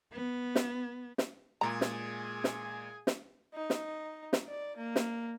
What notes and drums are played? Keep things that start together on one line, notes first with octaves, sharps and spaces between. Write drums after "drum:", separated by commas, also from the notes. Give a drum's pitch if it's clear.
B3
drum: snare
drum: snare
A#2 G#3 G#4 G#5 A#5
drum: snare
drum: snare
drum: snare
D#4
drum: snare
drum: snare
D5
A#3
drum: snare